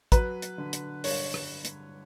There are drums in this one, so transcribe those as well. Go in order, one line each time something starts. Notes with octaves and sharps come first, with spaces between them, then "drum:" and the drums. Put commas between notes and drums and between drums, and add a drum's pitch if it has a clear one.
F#3 B4, drum: kick, hi-hat
drum: hi-hat
D3
drum: hi-hat
G2 C#5, drum: open hi-hat
drum: rim click
drum: hi-hat